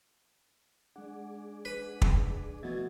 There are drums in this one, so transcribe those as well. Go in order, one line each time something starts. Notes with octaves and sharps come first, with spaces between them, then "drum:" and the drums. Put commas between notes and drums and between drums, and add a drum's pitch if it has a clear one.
G#3 D4 G#4 D5 F#5
B4
drum: kick
B2 E3 F3 A3 E5 G#6 A6